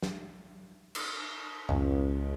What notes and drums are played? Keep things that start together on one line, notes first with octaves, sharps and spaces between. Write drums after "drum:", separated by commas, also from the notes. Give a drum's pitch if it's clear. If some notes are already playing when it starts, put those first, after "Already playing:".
drum: snare
drum: cymbal
C#2, drum: tom F2